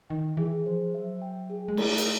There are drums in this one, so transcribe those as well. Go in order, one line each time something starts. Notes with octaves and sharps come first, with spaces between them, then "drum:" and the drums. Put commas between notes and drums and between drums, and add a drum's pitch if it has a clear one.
D#3 G5
E3 G#4
F3 C5
F#3 E5
G5
G#4
G#3
A3 E4, drum: cymbal
drum: hi-hat